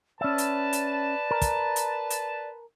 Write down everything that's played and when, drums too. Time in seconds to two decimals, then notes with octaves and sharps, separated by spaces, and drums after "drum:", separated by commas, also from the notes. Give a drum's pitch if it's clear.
0.21 C#4 B4 D5 E5 A5
0.38 drum: hi-hat
0.73 drum: hi-hat
1.31 A#4
1.42 drum: kick, hi-hat
1.76 drum: hi-hat
2.10 drum: hi-hat